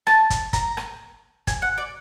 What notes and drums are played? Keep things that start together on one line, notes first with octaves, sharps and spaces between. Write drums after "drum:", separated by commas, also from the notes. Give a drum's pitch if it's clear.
A5, drum: rim click
drum: kick, hi-hat
A#5, drum: kick, hi-hat
drum: rim click
G#5, drum: kick, hi-hat
F#5
D5